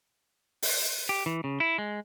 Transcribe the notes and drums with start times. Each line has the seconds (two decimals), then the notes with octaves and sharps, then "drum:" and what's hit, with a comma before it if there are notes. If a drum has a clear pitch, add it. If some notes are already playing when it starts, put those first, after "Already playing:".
0.62 drum: open hi-hat
1.09 G4
1.26 E3
1.44 C#3
1.60 E4
1.78 G#3